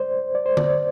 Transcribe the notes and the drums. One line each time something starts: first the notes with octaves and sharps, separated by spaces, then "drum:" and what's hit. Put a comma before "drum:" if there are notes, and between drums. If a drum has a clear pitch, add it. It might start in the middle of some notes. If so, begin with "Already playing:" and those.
Already playing: C5 D5
D5
C5
D5, drum: tom D3